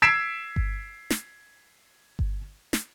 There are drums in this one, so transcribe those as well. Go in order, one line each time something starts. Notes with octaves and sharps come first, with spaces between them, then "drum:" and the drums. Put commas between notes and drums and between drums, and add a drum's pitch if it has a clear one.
E6 G#6 B6 C7 D7 E7
drum: kick G1
drum: snare
drum: kick G1
drum: snare